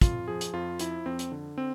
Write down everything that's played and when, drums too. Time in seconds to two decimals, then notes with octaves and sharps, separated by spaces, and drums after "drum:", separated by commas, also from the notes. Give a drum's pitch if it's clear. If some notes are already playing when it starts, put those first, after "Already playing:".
0.01 F2 F4, drum: kick, hi-hat
0.28 F3 G#4
0.41 drum: hi-hat
0.53 F2 F4
0.79 F3 E4, drum: hi-hat
1.06 F2 C4
1.19 drum: hi-hat
1.32 D3
1.58 C4